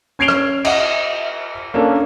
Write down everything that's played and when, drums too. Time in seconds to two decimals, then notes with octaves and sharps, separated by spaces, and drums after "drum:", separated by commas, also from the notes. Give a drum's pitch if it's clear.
0.19 C#4 G#6 C7 D7 F7 G7
0.28 drum: rim click
0.65 D#5 E5 F#5, drum: cymbal
1.74 A#3 C#4 D4 A4 A#4